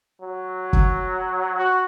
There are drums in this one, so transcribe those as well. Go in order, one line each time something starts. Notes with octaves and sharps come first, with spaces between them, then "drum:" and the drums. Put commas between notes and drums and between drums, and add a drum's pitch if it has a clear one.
F#3
drum: kick
F#4